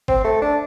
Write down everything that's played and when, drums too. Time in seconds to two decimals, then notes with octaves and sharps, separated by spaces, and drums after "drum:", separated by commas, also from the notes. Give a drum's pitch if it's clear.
0.08 C4, drum: kick G#1
0.24 A3
0.41 D4